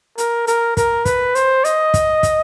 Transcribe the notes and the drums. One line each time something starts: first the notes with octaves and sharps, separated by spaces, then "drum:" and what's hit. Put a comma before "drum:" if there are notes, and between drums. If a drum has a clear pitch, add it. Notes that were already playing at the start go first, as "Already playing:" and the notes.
A#4, drum: hi-hat
A#4, drum: hi-hat
A#4, drum: kick, hi-hat
B4, drum: kick, hi-hat
C5, drum: hi-hat
D#5, drum: hi-hat
drum: kick, hi-hat
drum: kick, hi-hat